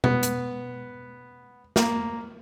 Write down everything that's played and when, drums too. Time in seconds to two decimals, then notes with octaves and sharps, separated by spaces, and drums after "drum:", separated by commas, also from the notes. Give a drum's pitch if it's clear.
0.04 B3, drum: tom B2
0.23 drum: hi-hat
1.76 A#3, drum: snare